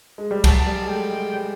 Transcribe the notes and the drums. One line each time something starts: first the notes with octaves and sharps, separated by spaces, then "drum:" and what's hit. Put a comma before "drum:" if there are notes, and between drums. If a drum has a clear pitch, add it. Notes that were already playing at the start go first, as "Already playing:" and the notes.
G#3
G3
F#3 A5, drum: kick C2, cymbal
G3
G#3
A3 G5
G#3
G3